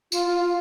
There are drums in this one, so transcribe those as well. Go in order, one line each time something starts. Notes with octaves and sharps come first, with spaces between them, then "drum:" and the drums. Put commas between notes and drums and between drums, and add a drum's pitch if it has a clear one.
F4, drum: tambourine
F4
F4